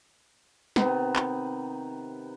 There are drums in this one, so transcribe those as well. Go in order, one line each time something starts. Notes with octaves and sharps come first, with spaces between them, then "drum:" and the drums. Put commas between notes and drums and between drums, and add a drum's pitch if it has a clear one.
C3 D#3 B3, drum: snare
drum: clap